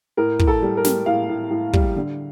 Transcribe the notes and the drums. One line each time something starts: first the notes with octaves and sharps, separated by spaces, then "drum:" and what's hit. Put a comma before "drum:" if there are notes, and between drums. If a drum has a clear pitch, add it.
A2 A#4
A2, drum: kick
A4
G3
A#4
G3, drum: snare
A2 F5
A2
A2
G3, drum: kick
D3